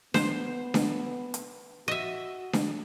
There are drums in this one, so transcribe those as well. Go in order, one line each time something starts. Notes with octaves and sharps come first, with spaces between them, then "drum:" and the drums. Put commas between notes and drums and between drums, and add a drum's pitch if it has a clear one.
B3 C5, drum: snare D4
drum: snare D4
drum: hi-hat
F#4 D#5 E5
drum: snare D4